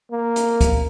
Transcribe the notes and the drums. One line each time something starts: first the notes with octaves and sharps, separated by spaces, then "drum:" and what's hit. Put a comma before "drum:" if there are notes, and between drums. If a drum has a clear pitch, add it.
A#3
drum: hi-hat
drum: kick, hi-hat